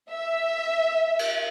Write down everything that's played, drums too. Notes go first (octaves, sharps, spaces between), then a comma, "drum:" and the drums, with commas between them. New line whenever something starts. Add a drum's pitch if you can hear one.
E5
drum: cymbal